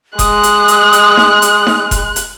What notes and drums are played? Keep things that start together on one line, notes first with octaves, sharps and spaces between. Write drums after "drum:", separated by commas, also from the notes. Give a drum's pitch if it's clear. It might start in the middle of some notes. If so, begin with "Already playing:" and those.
G#3 D#6 F#6, drum: kick F1, hi-hat
drum: hi-hat
drum: hi-hat
drum: hi-hat
drum: snare D#4
drum: hi-hat
drum: snare D#4
drum: kick F1, hi-hat
drum: hi-hat